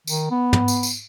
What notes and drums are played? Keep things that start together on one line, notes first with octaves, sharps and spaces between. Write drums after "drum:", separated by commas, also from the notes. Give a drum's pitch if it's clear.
D#3, drum: tambourine
B3
drum: tom
drum: tambourine
drum: tambourine